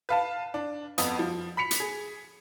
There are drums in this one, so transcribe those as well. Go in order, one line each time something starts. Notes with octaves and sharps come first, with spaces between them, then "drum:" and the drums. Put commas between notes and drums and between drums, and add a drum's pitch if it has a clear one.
B4 F5 A5
D4
F2 B3 D#6, drum: hi-hat
F3
B5 B6 C#7 F7
drum: hi-hat
G#4